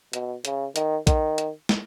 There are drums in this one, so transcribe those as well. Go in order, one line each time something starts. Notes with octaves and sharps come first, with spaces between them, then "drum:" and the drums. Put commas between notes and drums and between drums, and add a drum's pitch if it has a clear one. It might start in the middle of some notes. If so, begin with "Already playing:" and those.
B2, drum: hi-hat
C#3, drum: hi-hat
D#3, drum: hi-hat
D#3, drum: kick, hi-hat
drum: hi-hat
drum: snare